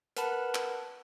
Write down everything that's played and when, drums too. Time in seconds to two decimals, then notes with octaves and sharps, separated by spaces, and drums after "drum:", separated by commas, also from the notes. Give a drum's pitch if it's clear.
0.17 A#4 B4 F#5 A5 B5, drum: hi-hat
0.55 drum: clap